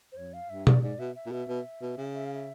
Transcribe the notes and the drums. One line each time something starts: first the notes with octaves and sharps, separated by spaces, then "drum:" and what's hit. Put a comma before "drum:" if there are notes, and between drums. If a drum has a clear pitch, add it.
C5
F2 C#5
F5
G2 E5
D5, drum: tom B2
G#2 D5
B2 E5
E5
A#2
B2 E5
B2
B2
C#3
E5
F5
E5